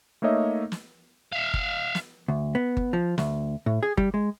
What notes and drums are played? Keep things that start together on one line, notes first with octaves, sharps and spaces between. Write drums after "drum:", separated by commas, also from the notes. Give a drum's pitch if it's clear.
A3 A#3 D#4 C#5 D#5 E5
drum: snare
E5 F5
drum: kick G1
drum: snare
D2
B3
drum: kick G1
F3
D2, drum: snare
A2
G#4
G3, drum: kick G1
G#3